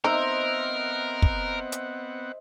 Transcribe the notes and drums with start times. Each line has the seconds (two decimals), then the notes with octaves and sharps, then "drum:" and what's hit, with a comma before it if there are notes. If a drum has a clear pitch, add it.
0.04 B3 C4 D#4 A#4 C5 D#5 E5 F#5
1.22 drum: kick
1.72 drum: hi-hat